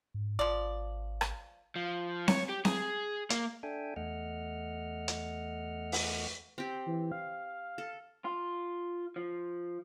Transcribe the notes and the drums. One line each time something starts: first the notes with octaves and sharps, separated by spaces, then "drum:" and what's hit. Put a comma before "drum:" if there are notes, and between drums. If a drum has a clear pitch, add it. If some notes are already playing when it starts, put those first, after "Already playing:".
G#2
G#1 F3 D5
drum: rim click
F3
C#5, drum: snare C4
G4
G#4, drum: snare C4
A#3, drum: hi-hat
D4 A4 E5 G5 G#5
E2 A3 D#5 F#5 F6
drum: hi-hat
drum: open hi-hat
C4 G4
E3
F5
A4
F4
F3